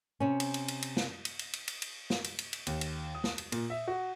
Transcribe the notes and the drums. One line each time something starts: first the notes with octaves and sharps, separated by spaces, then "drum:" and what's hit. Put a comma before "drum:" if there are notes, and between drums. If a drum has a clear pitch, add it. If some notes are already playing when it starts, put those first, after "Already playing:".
C3 C#4
drum: cymbal
drum: cymbal
drum: cymbal
drum: cymbal
drum: snare
drum: cymbal
drum: cymbal
drum: cymbal
drum: cymbal
drum: cymbal
drum: snare
drum: cymbal
drum: cymbal
drum: cymbal
D#2, drum: cymbal
drum: cymbal
D#6
drum: snare
drum: cymbal
A#2, drum: cymbal
E5
F#4